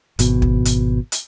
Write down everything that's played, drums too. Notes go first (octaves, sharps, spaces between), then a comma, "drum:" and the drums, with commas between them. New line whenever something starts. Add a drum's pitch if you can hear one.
G#1 B2, drum: hi-hat
drum: kick
drum: hi-hat
drum: hi-hat